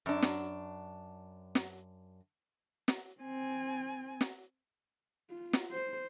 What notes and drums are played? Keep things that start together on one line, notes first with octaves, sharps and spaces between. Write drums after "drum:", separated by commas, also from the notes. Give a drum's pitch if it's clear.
F#2 D4
drum: snare
drum: snare
drum: snare
C4 G#5
drum: snare
F4
drum: snare
C5